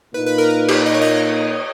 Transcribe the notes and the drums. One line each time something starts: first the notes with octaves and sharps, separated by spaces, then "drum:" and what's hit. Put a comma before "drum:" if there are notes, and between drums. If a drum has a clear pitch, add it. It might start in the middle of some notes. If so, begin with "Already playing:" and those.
A#2 A#3 D#4 B4
B4
A#4
A#4
G4, drum: cymbal
D#5
C#5
D#5